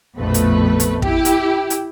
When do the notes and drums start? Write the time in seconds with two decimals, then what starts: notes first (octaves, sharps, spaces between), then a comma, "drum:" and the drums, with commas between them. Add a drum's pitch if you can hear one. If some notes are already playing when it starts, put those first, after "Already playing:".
0.16 A#1 F2 B2 A3 B4
0.34 drum: hi-hat
0.80 drum: hi-hat
1.02 E4 G4, drum: kick
1.25 drum: hi-hat
1.70 drum: hi-hat